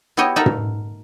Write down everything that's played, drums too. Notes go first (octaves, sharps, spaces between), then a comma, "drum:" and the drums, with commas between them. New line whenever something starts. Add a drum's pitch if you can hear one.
B3 E4 F#4 G4 C#5 D#5
D#4 A4 A#4 E5 F#5 A#5
drum: tom